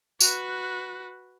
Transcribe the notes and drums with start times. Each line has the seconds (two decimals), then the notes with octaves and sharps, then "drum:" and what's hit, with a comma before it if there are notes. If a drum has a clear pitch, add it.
0.21 F#4 B4, drum: tambourine